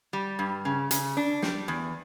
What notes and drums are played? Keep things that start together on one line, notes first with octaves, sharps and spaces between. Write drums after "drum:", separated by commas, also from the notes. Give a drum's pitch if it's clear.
G3
G2
C#3
C#3, drum: hi-hat
D4
G3, drum: snare
E2